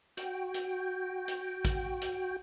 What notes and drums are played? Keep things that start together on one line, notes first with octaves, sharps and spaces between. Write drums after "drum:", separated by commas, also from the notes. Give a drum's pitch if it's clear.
F#4 G5, drum: hi-hat
drum: hi-hat
drum: hi-hat
drum: kick A1, hi-hat
drum: hi-hat